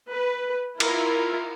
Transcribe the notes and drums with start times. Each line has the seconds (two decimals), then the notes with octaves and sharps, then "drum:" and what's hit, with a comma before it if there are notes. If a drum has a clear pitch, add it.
0.11 B4
0.80 E4 F4 A#4, drum: cymbal